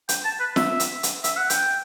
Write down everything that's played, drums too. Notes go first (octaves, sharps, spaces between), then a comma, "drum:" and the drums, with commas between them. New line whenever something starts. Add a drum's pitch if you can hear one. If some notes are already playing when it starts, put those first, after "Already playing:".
G5, drum: hi-hat
A5
B4
E5, drum: snare
drum: hi-hat
drum: hi-hat
E5, drum: hi-hat
F#5
G5, drum: hi-hat